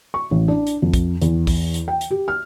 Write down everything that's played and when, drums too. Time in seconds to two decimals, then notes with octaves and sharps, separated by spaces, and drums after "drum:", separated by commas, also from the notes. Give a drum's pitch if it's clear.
0.14 C#6
0.31 A1
0.48 D4
0.67 drum: hi-hat
0.82 F2
0.94 drum: kick, hi-hat
1.22 E2, drum: hi-hat
1.47 drum: kick, open hi-hat
1.74 drum: hi-hat
1.88 G5
2.01 drum: hi-hat
2.11 G4
2.28 F6